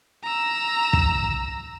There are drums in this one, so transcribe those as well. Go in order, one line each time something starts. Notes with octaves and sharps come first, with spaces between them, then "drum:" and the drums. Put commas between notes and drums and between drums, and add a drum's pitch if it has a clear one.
A#5 E6
drum: kick